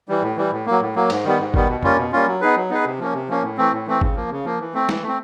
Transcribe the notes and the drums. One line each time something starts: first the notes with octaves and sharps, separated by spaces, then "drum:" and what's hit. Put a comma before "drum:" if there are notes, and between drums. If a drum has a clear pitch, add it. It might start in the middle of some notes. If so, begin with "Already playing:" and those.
E3 G3
A2
E3 G3
A2
F#3 A#3
A2
F#3 A#3
G#2, drum: cymbal
D#3 G3 B3
G#2
D#3 G3 B3, drum: kick G#1
B2
G3 A#3 C#4 F4, drum: tom F2
B2
G3 A#3 C#4 F4
F#3
B3 D#4 G#4 B4
F#3
B3 D#4 G#4 B4
C3
F3 A#3 C#4
C3
F3 A#3 C#4
A2
E3 A3 C4
A2
E3 A3 C4
C#3, drum: kick G#1
F3 A#3
C#3
F3 A#3
E3
A3 C4
E3, drum: snare
A3
C4